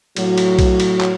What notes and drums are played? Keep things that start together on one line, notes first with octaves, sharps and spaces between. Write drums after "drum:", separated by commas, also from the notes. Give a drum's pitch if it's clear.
A2 F#3, drum: cymbal
drum: cymbal
drum: kick B1, cymbal
drum: cymbal
drum: clap